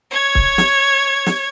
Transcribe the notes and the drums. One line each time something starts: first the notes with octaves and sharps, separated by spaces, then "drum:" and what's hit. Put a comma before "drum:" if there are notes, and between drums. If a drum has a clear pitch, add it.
C#5 G#6
drum: kick C#1
drum: snare
drum: snare